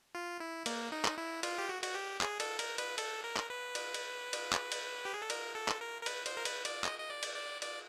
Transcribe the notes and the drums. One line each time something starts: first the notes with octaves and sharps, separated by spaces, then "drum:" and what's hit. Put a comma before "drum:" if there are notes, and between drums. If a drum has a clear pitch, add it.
F4
E4
A#3, drum: cymbal
D#4
drum: clap
E4
F4, drum: cymbal
G4
F#4
F#4, drum: cymbal
G4
G#4, drum: clap
A4, drum: cymbal
A#4, drum: cymbal
B4, drum: cymbal
A4, drum: cymbal
A#4
drum: clap
B4
drum: cymbal
drum: cymbal
drum: cymbal
drum: clap
drum: cymbal
G4
G#4
A4
A#4, drum: cymbal
A4
drum: clap
A#4
A#4
B4, drum: cymbal
C5, drum: cymbal
A#4
B4, drum: cymbal
D5, drum: cymbal
D#5, drum: clap
D#5
D5
drum: cymbal
D5
D5, drum: cymbal